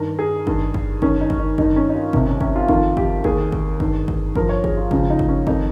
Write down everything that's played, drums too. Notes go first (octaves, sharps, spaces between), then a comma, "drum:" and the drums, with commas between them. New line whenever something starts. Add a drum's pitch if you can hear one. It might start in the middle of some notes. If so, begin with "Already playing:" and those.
Already playing: G2 D#3 A#4
G#4
G2 D#3, drum: kick G1
drum: kick G1
G2 D#3 C#4, drum: kick G1
D#4
drum: kick G1
D#4
G2 D#3 D#4, drum: kick G1
C#4
D#4
F4
C2 C3 D#3 D#4, drum: kick G1
C#4
C#4, drum: kick G1
F4
F2 D#3 F4, drum: kick G1
G4, drum: kick G1
D#2 D#3 G#4, drum: kick G1
drum: kick G1
G2 D#3, drum: kick G1
drum: kick G1
G2 F3 A#4, drum: kick G1
C#5
G#4, drum: kick G1
F4
C#2 C#3 F3 F4, drum: kick G1
D#4
drum: kick G1
C#4
F2 D#3 D#4, drum: kick G1